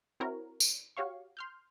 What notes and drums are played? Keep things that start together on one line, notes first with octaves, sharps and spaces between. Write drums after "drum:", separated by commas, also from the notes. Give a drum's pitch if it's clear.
C4 E4 F#4 A#4 C#5
drum: tambourine
F#4 G4 C#5 F5 C#6
C6 F6 G6